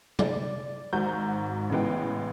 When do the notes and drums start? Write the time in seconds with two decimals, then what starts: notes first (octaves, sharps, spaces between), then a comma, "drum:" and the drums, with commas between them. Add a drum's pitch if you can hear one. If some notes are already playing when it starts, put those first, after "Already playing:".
0.19 D5, drum: tom
0.93 G#1 G#2 F#4 A#5 G6
1.70 A1 C#3 E3 G#3 B3 G5